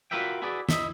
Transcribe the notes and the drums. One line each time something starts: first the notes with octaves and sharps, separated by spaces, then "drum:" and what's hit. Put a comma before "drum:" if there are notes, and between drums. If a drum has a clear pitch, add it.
F4 F#4 A#4 B4 E5 G5
E4 F#4 G#4 B4 D5
E4 D#5 E5, drum: snare